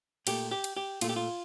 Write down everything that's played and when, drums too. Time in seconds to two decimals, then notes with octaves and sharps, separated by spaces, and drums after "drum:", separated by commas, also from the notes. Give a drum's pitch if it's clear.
0.27 A#2 A3 G4, drum: cymbal
0.51 G4
0.64 drum: cymbal
0.77 G4
1.01 A#2 A3 F4, drum: cymbal
1.09 G4
1.16 F4